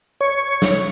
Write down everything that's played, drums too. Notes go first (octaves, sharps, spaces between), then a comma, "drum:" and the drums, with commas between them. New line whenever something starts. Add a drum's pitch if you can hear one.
C#5
drum: snare